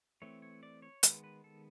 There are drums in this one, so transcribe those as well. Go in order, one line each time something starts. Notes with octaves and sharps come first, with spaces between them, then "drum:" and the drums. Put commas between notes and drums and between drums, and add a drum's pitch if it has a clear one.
E3 A3 C4 C#5
C#5
D5
C#5
D#3 G#3 B3 B4, drum: hi-hat
B4
A4